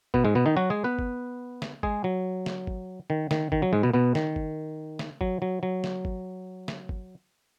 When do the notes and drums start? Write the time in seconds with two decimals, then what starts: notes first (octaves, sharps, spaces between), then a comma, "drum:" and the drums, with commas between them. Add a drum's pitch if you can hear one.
0.14 B2 B3, drum: kick
0.25 G#2 G#3
0.35 B2 B3
0.46 D#3 D#4
0.57 F#3 F#4
0.70 G#3 G#4
0.84 B3 B4
0.99 drum: kick
1.62 drum: snare
1.83 G#3 G#4, drum: kick
2.04 F#3
2.46 drum: snare
2.67 drum: kick
3.10 D#3
3.31 D#3, drum: snare
3.52 D#3, drum: kick
3.62 F#3
3.73 G#2 G#3
3.83 B2 B3
3.94 B2 B3
4.15 D#3, drum: snare
4.36 drum: kick
4.99 drum: snare
5.21 F#3, drum: kick
5.42 F#3
5.63 F#3
5.84 drum: snare
6.05 drum: kick
6.68 drum: snare
6.89 drum: kick